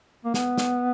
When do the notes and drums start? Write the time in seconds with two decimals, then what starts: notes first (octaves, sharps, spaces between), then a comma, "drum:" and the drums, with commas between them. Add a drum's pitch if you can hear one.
0.25 A#3
0.34 B3, drum: snare
0.58 drum: snare